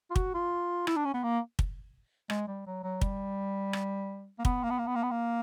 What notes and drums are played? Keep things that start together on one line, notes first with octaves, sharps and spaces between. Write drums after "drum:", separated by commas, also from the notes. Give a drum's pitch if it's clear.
F4
F#4, drum: kick
F4
E4, drum: rim click
D4
C#4
B3
A#3
drum: kick
G#3, drum: rim click
G3
F#3
F#3
G3, drum: kick
drum: rim click
A#3
B3, drum: kick
A#3
B3
A#3
B3
A#3
B3
A#3